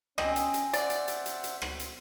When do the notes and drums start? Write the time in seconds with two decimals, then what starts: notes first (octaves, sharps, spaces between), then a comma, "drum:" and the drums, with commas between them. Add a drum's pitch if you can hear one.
0.18 C4 C#4 D#5 G#5, drum: rim click
0.36 drum: hi-hat
0.54 drum: hi-hat
0.73 C5 D5 E5 F#5, drum: hi-hat
0.90 drum: hi-hat
1.08 drum: hi-hat
1.26 drum: hi-hat
1.44 drum: hi-hat
1.62 drum: rim click
1.80 drum: hi-hat